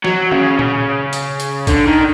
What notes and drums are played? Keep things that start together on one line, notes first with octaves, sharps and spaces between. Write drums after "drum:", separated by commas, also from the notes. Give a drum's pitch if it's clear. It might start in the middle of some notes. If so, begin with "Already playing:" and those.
F#3, drum: snare
C#3, drum: tom
C#3, drum: tom A#2
drum: hi-hat
drum: hi-hat
D3, drum: kick A#1, hi-hat
D#3